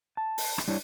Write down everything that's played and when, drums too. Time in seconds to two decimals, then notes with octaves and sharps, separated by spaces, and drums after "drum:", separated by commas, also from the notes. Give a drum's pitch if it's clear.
0.17 A5
0.38 drum: open hi-hat
0.58 drum: rim click
0.68 G3 D4 E4 C#5